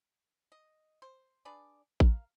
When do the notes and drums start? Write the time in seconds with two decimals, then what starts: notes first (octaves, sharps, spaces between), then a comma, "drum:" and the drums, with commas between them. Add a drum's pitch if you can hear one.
0.52 D#5
1.02 C5
1.45 D4 G#4 B4 D5
2.00 A#4 F5, drum: kick A1